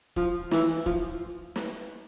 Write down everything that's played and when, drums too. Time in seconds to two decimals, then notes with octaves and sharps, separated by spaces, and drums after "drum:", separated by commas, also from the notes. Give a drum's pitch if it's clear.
0.16 F3, drum: kick
0.51 E3, drum: snare
0.86 F3, drum: kick
1.56 drum: snare